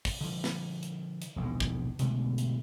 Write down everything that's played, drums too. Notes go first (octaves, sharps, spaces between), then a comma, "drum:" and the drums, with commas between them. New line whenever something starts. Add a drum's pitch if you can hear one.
drum: kick, open hi-hat
D3 F3
drum: snare
drum: hi-hat
drum: hi-hat
E1 A#1 D#2 G#2
drum: kick
B2 D3 G#3 A3, drum: hi-hat
drum: hi-hat